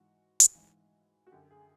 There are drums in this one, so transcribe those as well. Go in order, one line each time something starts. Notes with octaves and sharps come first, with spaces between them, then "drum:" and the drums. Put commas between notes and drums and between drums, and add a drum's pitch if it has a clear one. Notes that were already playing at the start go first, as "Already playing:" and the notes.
Already playing: G#2 E3 F#4
drum: hi-hat
G#2 E3
F#4
F#2 D3 G4
G#4